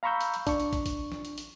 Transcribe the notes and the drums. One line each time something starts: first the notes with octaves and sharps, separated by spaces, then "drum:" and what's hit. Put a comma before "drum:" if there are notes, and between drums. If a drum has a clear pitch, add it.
F5 A#5 B5 C#6 E6 G6
drum: hi-hat
drum: hi-hat
D4 C#6, drum: kick, hi-hat
drum: hi-hat
drum: kick, hi-hat
drum: kick, hi-hat
drum: snare
drum: hi-hat
drum: hi-hat